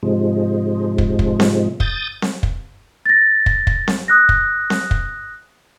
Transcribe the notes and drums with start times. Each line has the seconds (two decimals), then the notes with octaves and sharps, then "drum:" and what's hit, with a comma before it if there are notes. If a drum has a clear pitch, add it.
0.03 G#2 C3 F3 G#3
0.98 drum: kick
1.19 drum: kick
1.40 drum: snare C4
1.80 D#6 G6 A6, drum: kick
2.22 drum: snare C4
2.43 drum: kick
3.06 A6 A#6
3.46 drum: kick
3.67 drum: kick
3.88 drum: snare C4
4.08 D#6 F#6 A#6
4.29 drum: kick
4.70 drum: snare C4
4.91 drum: kick